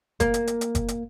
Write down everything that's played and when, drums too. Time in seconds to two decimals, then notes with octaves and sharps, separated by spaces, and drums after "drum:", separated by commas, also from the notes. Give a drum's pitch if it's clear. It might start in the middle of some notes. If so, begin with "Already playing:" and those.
0.20 A#3, drum: kick F#1, hi-hat
0.34 drum: hi-hat
0.47 drum: hi-hat
0.61 drum: hi-hat
0.75 drum: kick F#1, hi-hat
0.88 drum: hi-hat